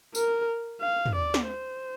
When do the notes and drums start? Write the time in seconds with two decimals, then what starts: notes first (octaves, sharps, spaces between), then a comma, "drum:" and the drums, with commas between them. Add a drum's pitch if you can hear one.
0.15 A#4, drum: tambourine
0.82 F5
1.06 drum: tom
1.15 D5
1.34 drum: snare
1.49 C5